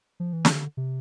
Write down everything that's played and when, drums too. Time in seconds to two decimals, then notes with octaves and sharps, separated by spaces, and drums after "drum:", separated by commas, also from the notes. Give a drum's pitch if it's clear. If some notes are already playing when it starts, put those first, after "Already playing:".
0.20 F3
0.33 E3
0.45 D3, drum: snare
0.77 C3